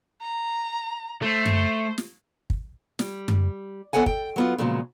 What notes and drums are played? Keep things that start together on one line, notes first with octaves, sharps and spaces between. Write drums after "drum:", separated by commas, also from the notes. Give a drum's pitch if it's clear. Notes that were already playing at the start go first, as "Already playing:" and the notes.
A#5
A3 C5
drum: tom F#2
drum: snare
drum: kick
G3, drum: snare
drum: tom F#2
F2 B3 A4 D5 F#5 G#5
G5, drum: kick
F#3 B3 F4
A#2 C#3 F3 F#3 G#3